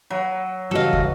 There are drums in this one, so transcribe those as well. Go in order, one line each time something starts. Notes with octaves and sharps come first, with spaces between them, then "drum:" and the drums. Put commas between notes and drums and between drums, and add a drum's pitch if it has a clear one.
F#3
C#3 E3 G3 F#4 A4 D#5 F5
drum: kick